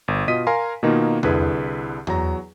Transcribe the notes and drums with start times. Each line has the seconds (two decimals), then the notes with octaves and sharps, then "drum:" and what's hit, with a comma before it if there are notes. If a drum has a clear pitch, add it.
0.08 G1
0.28 B2 F4 D#5 D#6 B6 D#7
0.47 A#4 F5 G#5 A#5 C6
0.83 B2 D#3 A#3 D#4 F4
1.23 C2 D3 E4 G#4 B4, drum: tom E2
2.07 E2 F#3 A#5, drum: tom E2